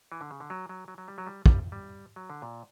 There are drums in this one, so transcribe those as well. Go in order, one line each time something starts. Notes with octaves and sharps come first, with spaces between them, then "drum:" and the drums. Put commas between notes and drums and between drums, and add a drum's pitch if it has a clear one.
E3
D3
C#3
D3
F#3
F#3
F#3
F#3
G3
F#3
G3
G3, drum: kick
G3
F#3
D3
A#2